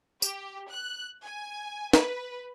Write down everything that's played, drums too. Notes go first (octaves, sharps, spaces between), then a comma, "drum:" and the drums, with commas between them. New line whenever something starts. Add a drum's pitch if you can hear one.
G4, drum: tambourine
F#6
G#5
B4, drum: snare